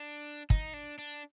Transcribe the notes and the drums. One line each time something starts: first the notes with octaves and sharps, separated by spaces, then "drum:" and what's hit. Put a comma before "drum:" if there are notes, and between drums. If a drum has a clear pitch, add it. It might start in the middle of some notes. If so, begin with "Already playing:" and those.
Already playing: D4
D#4, drum: kick
D4
D4